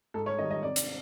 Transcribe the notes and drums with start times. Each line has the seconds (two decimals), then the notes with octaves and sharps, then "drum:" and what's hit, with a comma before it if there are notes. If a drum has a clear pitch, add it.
0.14 G#2 A4
0.26 C#5
0.38 D#3 G3 D#5
0.51 D#5
0.63 C3 D5
0.76 drum: hi-hat